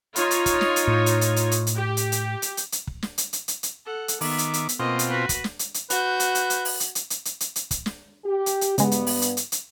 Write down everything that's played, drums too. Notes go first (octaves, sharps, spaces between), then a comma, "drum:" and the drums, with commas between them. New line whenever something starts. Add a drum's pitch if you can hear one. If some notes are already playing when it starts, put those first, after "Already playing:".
D#4 F4 C#5, drum: hi-hat
drum: hi-hat
drum: kick, hi-hat
drum: snare
drum: hi-hat
A2
drum: hi-hat
drum: hi-hat
drum: hi-hat
drum: hi-hat
drum: hi-hat
G4
drum: hi-hat
drum: hi-hat
drum: hi-hat
drum: hi-hat
drum: hi-hat
drum: kick
drum: snare
drum: hi-hat
drum: hi-hat
drum: hi-hat
drum: hi-hat
A4 F#5
drum: hi-hat
D#3 B3 E5 D6, drum: open hi-hat
drum: hi-hat
drum: hi-hat
drum: hi-hat
B2 A#3 C4 F4 D#5
drum: hi-hat
F#4 B4
drum: kick, hi-hat
drum: snare
drum: hi-hat
drum: hi-hat
F#4 B4 G6, drum: hi-hat
drum: hi-hat
drum: hi-hat
drum: hi-hat
drum: open hi-hat
drum: hi-hat
drum: hi-hat
drum: hi-hat
drum: hi-hat
drum: hi-hat
drum: hi-hat
drum: kick, hi-hat
drum: snare
G4
drum: hi-hat
drum: hi-hat
G2 C#3 G#3 B3, drum: hi-hat
drum: hi-hat
drum: open hi-hat
drum: hi-hat
drum: hi-hat
drum: hi-hat